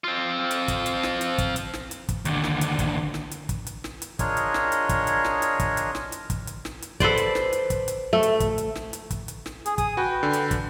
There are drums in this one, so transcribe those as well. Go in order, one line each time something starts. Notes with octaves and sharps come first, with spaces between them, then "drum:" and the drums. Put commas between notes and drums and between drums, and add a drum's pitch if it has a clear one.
C4 F4
drum: hi-hat
drum: kick, hi-hat
drum: hi-hat
drum: snare
drum: hi-hat
drum: kick, hi-hat
drum: hi-hat
drum: snare
drum: hi-hat
drum: kick, hi-hat
D#2 D3, drum: hi-hat
drum: snare
drum: hi-hat
drum: kick, hi-hat
drum: snare
drum: hi-hat
drum: kick, hi-hat
drum: hi-hat
drum: snare
drum: hi-hat
D4 F4 G#4 A#4 C#5 D#5, drum: kick, hi-hat
drum: hi-hat
drum: snare
drum: hi-hat
drum: kick, hi-hat
drum: hi-hat
drum: snare
drum: hi-hat
drum: kick, hi-hat
drum: hi-hat
drum: snare
drum: hi-hat
drum: kick, hi-hat
drum: hi-hat
drum: snare
drum: hi-hat
A4 B4 C5 D5, drum: kick, hi-hat
drum: hi-hat
drum: snare
drum: hi-hat
drum: kick, hi-hat
drum: hi-hat
A3
drum: hi-hat
drum: kick, hi-hat
drum: hi-hat
drum: snare
drum: hi-hat
drum: kick, hi-hat
drum: hi-hat
drum: snare
G#4, drum: hi-hat
G#4 D#6, drum: kick, hi-hat
F#4 B4 G5
D3
drum: hi-hat
drum: kick, hi-hat